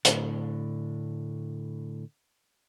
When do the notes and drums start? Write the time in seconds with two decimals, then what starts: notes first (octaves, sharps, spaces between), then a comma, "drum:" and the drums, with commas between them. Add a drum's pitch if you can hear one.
0.05 A2 D3, drum: hi-hat